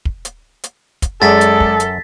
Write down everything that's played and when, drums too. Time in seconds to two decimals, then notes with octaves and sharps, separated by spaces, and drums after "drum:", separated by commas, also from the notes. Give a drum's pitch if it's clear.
0.05 drum: kick
0.25 drum: hi-hat
0.64 drum: hi-hat
1.02 drum: kick, hi-hat
1.22 F#2 G#3 G#4 A4 D5 A6 B6
1.41 drum: hi-hat
1.60 drum: kick
1.80 drum: hi-hat